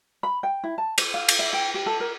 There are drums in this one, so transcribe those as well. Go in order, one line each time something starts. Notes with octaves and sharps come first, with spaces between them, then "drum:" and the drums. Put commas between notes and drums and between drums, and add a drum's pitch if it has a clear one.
B5
G5
E4
A5
C5, drum: cymbal
F5
drum: cymbal
E5
G5
G4
A4
A#4